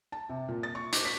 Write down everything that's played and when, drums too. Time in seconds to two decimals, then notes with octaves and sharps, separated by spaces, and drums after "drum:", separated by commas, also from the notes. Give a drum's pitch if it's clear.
0.12 A5
0.29 C3
0.48 A#2
0.63 A6
0.75 C#6
0.93 D6, drum: hi-hat
1.05 B6